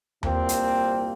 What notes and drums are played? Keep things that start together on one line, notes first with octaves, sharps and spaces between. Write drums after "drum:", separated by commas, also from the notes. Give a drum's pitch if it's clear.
C2 A#2 A#3 C4, drum: tom D#2
drum: hi-hat